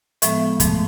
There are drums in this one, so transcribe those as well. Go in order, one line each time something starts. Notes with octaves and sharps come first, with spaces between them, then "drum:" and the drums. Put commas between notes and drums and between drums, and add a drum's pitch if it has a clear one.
A2 F3 G#3 B3 E5, drum: hi-hat
G#2 F3 A3, drum: kick, hi-hat